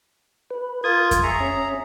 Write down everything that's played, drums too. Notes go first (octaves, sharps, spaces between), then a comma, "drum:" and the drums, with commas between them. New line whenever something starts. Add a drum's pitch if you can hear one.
B4
F4 A#4 D#6 G#6
drum: kick F2, hi-hat
G#4 E5 A#5 C#6
C#4